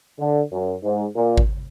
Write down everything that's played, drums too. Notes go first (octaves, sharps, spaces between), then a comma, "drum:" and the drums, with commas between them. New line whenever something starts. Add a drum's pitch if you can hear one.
D3
F#2
G#2
A#2
drum: kick G#1